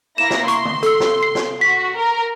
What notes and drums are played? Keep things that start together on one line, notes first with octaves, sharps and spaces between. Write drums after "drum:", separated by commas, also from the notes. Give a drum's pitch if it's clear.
A#3 E4 A#6 E7
drum: snare
C6 C#6, drum: hi-hat
drum: tom D3
A4 E6, drum: hi-hat
drum: snare
C7
drum: snare
F#4 B6
A#4